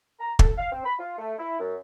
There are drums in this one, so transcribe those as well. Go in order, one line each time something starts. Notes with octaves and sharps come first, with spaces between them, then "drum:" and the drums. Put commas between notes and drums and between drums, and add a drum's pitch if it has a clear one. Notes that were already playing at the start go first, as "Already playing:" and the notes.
A#5
A4, drum: kick
F5
C4
B5
F4
A3
E4
F#2